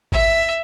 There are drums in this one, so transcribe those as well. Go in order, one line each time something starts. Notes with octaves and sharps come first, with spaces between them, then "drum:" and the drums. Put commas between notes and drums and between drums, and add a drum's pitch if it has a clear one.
E5, drum: kick G#1